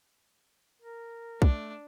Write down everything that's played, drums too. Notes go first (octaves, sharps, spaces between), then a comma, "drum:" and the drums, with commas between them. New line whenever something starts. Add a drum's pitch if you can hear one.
A#4
A3 D4, drum: kick B1